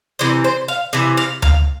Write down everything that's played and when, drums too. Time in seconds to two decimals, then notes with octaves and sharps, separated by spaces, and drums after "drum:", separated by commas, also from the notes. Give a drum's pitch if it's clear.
0.19 C3 E3 C5
0.44 C5
0.68 F5
0.93 C3 E3 E5
1.17 F5
1.42 F5, drum: tom D2